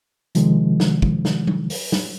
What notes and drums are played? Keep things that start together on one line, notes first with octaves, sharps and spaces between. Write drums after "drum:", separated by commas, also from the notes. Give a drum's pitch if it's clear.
C3 D#3 F3 G#3, drum: hi-hat
drum: snare
drum: kick
drum: snare
drum: tom F#3
drum: open hi-hat
drum: snare